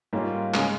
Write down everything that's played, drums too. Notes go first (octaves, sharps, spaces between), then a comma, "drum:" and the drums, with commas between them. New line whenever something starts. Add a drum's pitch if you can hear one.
G#2 G3 A#3 C#4 F4
C#3 G#3, drum: clap